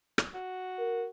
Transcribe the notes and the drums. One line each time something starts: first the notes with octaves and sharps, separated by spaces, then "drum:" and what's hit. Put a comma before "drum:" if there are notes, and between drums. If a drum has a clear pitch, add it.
drum: rim click
F#4
A#4